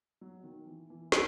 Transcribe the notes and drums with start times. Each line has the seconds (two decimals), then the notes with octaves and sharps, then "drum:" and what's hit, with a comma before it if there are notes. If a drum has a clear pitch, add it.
0.21 F#3
0.44 D#3
0.67 E3
0.90 E3
1.12 F#3, drum: snare